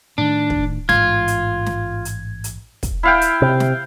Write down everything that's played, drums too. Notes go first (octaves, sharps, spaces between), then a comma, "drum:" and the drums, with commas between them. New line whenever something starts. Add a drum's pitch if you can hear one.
A2 D#3 D4
drum: kick
A1 G#2 F4 G#6, drum: snare
drum: hi-hat
drum: snare
drum: hi-hat
drum: hi-hat
drum: kick, hi-hat
E4 F5 G5
drum: hi-hat
C3
drum: snare